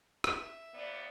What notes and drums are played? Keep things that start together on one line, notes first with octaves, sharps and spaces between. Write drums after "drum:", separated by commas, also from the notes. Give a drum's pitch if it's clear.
E5, drum: rim click
D#2 B3 D5